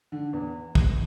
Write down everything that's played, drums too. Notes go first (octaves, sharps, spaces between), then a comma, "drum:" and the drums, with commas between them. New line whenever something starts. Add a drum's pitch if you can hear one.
D3
E2
drum: kick